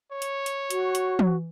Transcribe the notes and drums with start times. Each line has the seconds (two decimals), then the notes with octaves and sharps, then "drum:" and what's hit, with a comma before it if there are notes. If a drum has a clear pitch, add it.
0.12 C#5
0.22 drum: hi-hat
0.46 drum: hi-hat
0.70 F#4, drum: hi-hat
0.95 drum: hi-hat
1.19 drum: tom